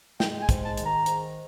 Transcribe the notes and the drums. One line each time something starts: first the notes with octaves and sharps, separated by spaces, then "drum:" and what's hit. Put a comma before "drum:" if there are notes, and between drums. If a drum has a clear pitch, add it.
G#3 G5, drum: snare
G5
G#5
G#2, drum: kick, hi-hat
A5
D#3, drum: hi-hat
A#5
G#2, drum: hi-hat